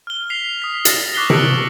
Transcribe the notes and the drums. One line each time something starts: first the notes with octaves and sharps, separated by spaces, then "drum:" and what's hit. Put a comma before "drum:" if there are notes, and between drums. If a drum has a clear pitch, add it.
F6 G7
B6 C7 F7
D#6 B6
A6 A#6, drum: hi-hat
C#6 D6 F#6 B6 C7 G7
E6 C#7 D7 F#7, drum: tom C3